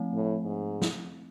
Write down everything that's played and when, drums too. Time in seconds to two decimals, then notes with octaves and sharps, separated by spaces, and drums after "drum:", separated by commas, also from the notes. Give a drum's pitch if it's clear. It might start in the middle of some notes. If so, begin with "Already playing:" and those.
Already playing: F3 A3 C4
0.14 A2
0.43 G#2
0.82 drum: snare